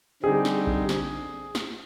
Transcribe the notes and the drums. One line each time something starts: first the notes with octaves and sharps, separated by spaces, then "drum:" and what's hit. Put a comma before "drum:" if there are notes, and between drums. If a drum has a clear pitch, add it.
D3 G3 C4 D#4 G4 G#4
drum: snare
drum: kick A#1
drum: snare
drum: snare